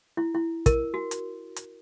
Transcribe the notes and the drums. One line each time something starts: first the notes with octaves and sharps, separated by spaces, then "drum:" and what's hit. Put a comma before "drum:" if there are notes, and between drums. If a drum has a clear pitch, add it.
E4
E4
A#4, drum: kick, hi-hat
F#4
drum: hi-hat
drum: hi-hat